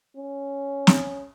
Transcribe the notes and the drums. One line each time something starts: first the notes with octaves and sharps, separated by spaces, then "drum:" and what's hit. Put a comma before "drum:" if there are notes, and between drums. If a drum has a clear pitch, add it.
C#4
drum: snare